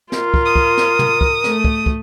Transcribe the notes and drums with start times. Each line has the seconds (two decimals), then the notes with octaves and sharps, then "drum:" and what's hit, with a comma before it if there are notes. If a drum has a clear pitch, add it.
0.12 F4 A#4, drum: snare
0.34 drum: kick
0.45 D#6
0.56 drum: kick
0.77 drum: snare
0.99 drum: tom
1.21 drum: kick
1.44 A3, drum: snare
1.64 drum: kick
1.86 drum: kick